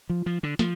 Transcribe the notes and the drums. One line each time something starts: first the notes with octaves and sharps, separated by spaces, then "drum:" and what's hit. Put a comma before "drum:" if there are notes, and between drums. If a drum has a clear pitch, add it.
F3
F3
D3
F3, drum: snare